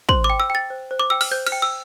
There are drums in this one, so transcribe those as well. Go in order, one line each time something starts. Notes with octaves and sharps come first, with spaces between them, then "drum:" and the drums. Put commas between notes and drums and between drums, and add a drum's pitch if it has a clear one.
C5 C6, drum: kick
D6
G5
E6
G5
A6
C5
C5
D6
G5 E6
F6, drum: open hi-hat
C5 G6
F6, drum: cymbal
G5
E6